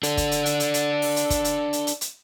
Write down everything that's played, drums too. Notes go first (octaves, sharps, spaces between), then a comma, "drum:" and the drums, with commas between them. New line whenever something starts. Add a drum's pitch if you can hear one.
D4 A4, drum: hi-hat
drum: kick, hi-hat
drum: hi-hat
drum: hi-hat
drum: hi-hat
drum: hi-hat
drum: open hi-hat
drum: hi-hat
drum: kick, hi-hat
drum: hi-hat
drum: hi-hat
drum: hi-hat
drum: hi-hat